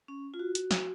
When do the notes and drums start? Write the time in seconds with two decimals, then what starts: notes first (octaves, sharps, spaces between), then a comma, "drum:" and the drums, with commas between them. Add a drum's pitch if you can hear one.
0.08 C#4
0.34 F4
0.39 F#4
0.55 drum: hi-hat
0.71 drum: snare